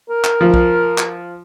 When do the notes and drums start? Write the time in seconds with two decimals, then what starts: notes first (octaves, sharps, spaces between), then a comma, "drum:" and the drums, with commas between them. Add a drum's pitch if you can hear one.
0.09 A#4
0.24 drum: clap
0.41 F3
0.54 drum: kick
0.98 drum: clap